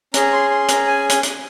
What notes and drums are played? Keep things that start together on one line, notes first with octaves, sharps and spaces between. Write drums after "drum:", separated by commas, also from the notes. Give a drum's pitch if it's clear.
C#4 G#4 A#5, drum: hi-hat
C6
C6
A#5, drum: hi-hat
G#5
drum: hi-hat
drum: hi-hat